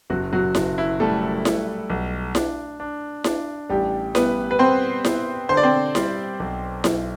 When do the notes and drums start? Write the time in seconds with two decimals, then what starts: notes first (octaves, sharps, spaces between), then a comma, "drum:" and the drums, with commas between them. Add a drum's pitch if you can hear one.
0.10 F#1 F#3 F#4
0.33 F#3 F#4
0.55 F#1, drum: snare E4
0.78 E4
1.00 G3 A3 A4
1.45 G3, drum: snare E4
1.90 B1
2.35 D4, drum: snare E4
2.80 D4
3.24 D4, drum: snare E4
3.69 A1 G3 G4
4.15 G3 B3 B4, drum: snare E4
4.51 B4
4.59 B3 C4 C5
5.05 B3, drum: snare E4
5.49 D3 C5
5.57 D5
5.63 C4 C5
5.95 G3, drum: snare E4
6.40 B1
6.84 B1, drum: snare E4